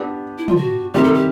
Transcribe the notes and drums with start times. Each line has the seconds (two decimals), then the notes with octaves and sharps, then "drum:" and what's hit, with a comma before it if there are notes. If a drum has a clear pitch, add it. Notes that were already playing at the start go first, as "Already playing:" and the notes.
Already playing: B3 D4 G4
0.38 E4
0.48 F4, drum: tom
0.57 F#4
0.94 C3 D#3 G3 C4 G4
1.04 A4
1.14 G4